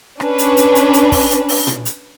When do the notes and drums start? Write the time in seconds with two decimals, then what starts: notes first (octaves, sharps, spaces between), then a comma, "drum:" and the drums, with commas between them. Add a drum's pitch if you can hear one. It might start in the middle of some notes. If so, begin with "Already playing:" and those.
0.20 C#4 D4 B4, drum: rim click
0.38 drum: hi-hat
0.57 drum: hi-hat
0.75 drum: hi-hat
0.93 drum: hi-hat
1.12 drum: kick, open hi-hat
1.30 drum: hi-hat
1.49 drum: open hi-hat
1.67 drum: tom A#2
1.85 drum: hi-hat